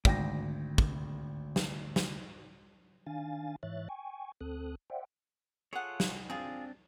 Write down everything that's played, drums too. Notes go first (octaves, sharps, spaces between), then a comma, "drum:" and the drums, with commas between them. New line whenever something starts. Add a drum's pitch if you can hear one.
G#1 D2 G5 A#6, drum: kick
drum: kick
drum: snare
drum: snare
D#3 D4 F5 G#5 A6
G#2 E3 C#5 E5 F#6 A6
G5 G#5 C#6
D2 C4 A4 D#6 F#6
C5 D5 E5 F#5 G5
F4 G#4 A4 C#5 F#5
drum: snare
C4 D4 F4 G#4